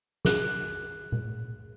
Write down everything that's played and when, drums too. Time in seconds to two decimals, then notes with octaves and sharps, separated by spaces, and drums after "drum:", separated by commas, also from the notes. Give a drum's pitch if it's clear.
0.25 G#4 F#6, drum: snare
1.12 drum: tom A#2